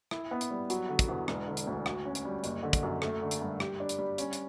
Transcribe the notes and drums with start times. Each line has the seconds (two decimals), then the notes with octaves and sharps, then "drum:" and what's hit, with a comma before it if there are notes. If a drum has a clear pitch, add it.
0.11 E4, drum: rim click
0.31 B3
0.41 drum: hi-hat
0.51 G3
0.70 F#3, drum: hi-hat
0.89 D3
0.99 drum: kick, hi-hat
1.09 E2
1.28 E1, drum: rim click
1.47 D3
1.57 drum: hi-hat
1.67 D2
1.86 F#4, drum: rim click
2.05 C#4
2.15 drum: hi-hat
2.25 G3
2.44 F#1, drum: hi-hat
2.63 D3
2.73 drum: kick, hi-hat
2.83 F#2
3.02 A3, drum: rim click
3.22 D3
3.31 drum: hi-hat
3.41 G2
3.60 G4, drum: rim click
3.80 D4
3.89 drum: hi-hat
3.99 G3
4.18 C#4, drum: hi-hat
4.33 drum: hi-hat